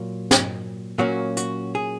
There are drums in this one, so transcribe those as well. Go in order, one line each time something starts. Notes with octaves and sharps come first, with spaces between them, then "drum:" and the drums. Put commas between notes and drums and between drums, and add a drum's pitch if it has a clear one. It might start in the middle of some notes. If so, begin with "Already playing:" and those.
Already playing: A#2 F#3 A#3
drum: snare
A#2 F#3 A#3 C#4 F#4
F#4, drum: hi-hat
G#4